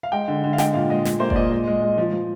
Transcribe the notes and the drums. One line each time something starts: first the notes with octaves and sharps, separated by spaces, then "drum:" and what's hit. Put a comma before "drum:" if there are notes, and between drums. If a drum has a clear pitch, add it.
F5
G#3 G5
D3
D3
F5
G#3 G5, drum: snare
A#2 F5
G#3 D#5
A#2, drum: snare
A#3 C5
D5, drum: kick F#1
A#2 D#5
G#3
G#3
G#3
F3
F3